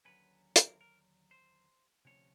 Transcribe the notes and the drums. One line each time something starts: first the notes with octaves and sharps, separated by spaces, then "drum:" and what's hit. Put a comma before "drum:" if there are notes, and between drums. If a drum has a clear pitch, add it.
D#2 D3 F#3 A#3 C#4 B4
A#4, drum: hi-hat
A#4
C5
D2 C3 F3 C#4 C#5